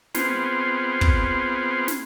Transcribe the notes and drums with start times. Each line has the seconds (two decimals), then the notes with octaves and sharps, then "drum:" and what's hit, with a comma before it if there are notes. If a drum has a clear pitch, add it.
0.15 B3 C4 F4 G#4 C5, drum: snare
1.01 drum: kick
1.88 drum: snare